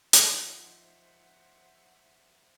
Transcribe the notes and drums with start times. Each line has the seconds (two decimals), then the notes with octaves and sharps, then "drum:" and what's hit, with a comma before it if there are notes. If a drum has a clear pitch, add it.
0.13 F3 D#4 G#4 C5 E5 F#5, drum: hi-hat